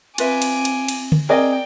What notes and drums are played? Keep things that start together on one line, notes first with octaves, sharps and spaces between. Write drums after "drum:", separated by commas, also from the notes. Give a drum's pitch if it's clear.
C4 F4 B4 E5 G#5 D6, drum: cymbal
drum: cymbal
drum: cymbal
drum: cymbal
drum: tom D3
C4 G#4 A#4 D5 D#5 G5